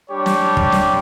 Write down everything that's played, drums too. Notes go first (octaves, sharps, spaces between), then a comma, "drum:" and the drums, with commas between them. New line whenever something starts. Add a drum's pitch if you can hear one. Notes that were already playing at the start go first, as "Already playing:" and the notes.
G3 D4 G4 C#5
drum: snare
drum: kick
drum: snare